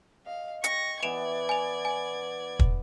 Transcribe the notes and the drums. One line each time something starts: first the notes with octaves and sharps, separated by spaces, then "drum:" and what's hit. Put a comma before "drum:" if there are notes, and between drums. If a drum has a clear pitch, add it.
D#5 F5
G5 C#6 A#6 C#7, drum: hi-hat
E3 B3 D5 G#6 D7 E7 F7
G#5 F7
G#5
drum: kick